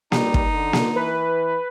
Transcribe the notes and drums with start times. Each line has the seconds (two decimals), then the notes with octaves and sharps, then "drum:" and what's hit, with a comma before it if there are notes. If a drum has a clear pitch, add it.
0.12 G3 D#4, drum: snare A#3
0.34 drum: kick
0.54 D3
0.73 drum: snare A#3
0.96 E3 B4